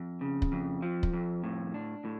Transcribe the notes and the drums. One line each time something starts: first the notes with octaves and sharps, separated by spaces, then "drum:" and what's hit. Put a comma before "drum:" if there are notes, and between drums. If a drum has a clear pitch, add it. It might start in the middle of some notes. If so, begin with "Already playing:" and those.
Already playing: F2
C#3
drum: kick
F2
F3
drum: kick
F2
A2
D4
A2